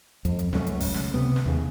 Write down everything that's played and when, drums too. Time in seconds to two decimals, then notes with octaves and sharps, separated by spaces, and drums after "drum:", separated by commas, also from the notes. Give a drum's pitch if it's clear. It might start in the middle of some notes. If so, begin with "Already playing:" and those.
0.25 F2, drum: hi-hat
0.39 drum: hi-hat
0.53 C#2 F#2 A3 C#4, drum: snare
0.67 drum: hi-hat
0.80 drum: kick F#1, open hi-hat
0.94 drum: snare
1.14 C3 B3
1.36 drum: snare
1.46 D#2 C#3